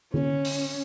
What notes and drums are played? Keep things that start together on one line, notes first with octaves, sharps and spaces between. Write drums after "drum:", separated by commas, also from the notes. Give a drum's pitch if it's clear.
C#4, drum: tom D3
drum: open hi-hat